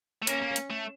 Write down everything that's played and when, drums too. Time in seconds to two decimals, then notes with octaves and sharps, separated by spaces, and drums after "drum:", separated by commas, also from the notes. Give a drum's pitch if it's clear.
0.22 A3
0.27 A#3 C#4, drum: hi-hat
0.42 A#3
0.56 drum: hi-hat
0.70 A3